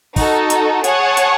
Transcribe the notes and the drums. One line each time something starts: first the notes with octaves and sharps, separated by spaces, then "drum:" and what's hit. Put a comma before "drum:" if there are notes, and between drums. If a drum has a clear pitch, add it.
D#4 F#4 A4, drum: kick, open hi-hat
drum: hi-hat
G#4 C#5 F#5 A5, drum: hi-hat
drum: hi-hat